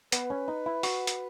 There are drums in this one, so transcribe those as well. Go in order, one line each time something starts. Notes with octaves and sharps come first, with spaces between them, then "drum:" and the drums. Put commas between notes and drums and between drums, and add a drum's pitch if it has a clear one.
B3 B4, drum: hi-hat
C#4
D#4
E4
F#4, drum: open hi-hat
drum: hi-hat